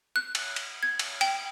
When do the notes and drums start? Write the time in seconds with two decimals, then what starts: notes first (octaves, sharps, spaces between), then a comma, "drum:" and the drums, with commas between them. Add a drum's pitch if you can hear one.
0.16 F#6
0.35 drum: cymbal
0.56 drum: cymbal
0.83 G#6
0.99 drum: cymbal
1.21 G5, drum: cymbal